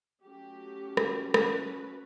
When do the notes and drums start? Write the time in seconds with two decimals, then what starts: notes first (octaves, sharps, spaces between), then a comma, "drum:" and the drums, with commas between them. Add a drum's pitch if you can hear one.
0.24 F#3 A3 C#4 G4
0.97 drum: rim click
1.34 B4, drum: rim click